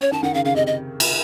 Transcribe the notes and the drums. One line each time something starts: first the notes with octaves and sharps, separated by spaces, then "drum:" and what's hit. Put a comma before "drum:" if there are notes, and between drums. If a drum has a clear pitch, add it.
C#4 C#5
D#3 A5
D#3 F#5
C#3 F5
C#3 F5
C3 D#5
D#5
drum: cymbal